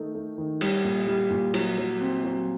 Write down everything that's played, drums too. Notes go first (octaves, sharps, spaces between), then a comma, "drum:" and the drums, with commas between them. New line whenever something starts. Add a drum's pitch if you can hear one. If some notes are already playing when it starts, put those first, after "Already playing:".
Already playing: D#3 A3 D#4
A3
D#3
G3, drum: cymbal
A#2
G3
A#2
F#3, drum: cymbal
F#3
C4
F#3